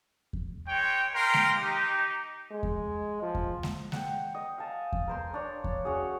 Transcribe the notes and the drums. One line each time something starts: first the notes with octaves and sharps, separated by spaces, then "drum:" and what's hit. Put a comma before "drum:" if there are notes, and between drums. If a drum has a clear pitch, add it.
drum: kick E2
G#3 C#5 G5
A#4 B4 F5 G5 C6
drum: snare G#3
D#4 G4
G#3
drum: kick E2
F3
drum: kick E2
drum: snare G#3
F#5 G5, drum: snare G#3
D#5
F5 G#5 A5
drum: kick E2
A#4 C5 C6
D4 C#5
drum: kick E2
C#4 F#4 G#4